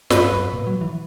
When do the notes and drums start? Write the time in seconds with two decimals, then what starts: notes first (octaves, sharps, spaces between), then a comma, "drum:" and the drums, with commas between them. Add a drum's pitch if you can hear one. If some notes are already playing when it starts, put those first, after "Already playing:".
0.10 G2 B4, drum: snare
0.32 F#2
0.53 A#2
0.67 F#3
0.81 E3